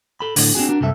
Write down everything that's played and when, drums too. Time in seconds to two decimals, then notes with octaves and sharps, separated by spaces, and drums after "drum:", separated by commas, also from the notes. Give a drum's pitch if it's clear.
0.20 A4 B5
0.36 A2 D3, drum: open hi-hat
0.55 C4 D4 D#4 F#4 G#4
0.69 D4 F#4 A#4
0.81 C2 F#2 C3 A4 E5